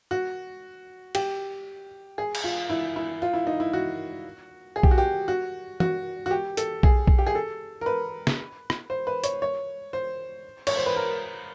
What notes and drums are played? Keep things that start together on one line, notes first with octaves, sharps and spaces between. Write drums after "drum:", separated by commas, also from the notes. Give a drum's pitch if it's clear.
F#4
G4, drum: cymbal
G#4
drum: cymbal
F4
E4
E4
F4
E4
D#4
E4
F#4
G#4
G4, drum: kick B1
F#4
G4
F#4
F#4, drum: tom
F#4
G4
A4, drum: hi-hat
G#4, drum: kick B1
drum: kick B1
G4
G#4
A4
A#4
B4
drum: snare
drum: rim click
C5
B4
C#5, drum: hi-hat
C#5
C5
C#5, drum: cymbal
C5
B4
A#4